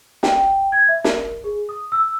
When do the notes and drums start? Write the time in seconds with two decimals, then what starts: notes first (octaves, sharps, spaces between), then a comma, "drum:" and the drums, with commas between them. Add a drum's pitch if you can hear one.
0.23 G5, drum: snare
0.72 G#6
0.89 E5
1.04 A#4, drum: snare
1.44 G#4
1.69 D#6
1.92 E6